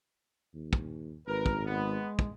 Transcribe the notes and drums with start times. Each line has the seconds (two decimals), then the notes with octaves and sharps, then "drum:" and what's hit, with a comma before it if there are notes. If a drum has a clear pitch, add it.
0.54 D#2
0.73 drum: kick
1.27 G#1 A#4 B4
1.46 drum: kick
1.65 G#3 B3
2.19 drum: kick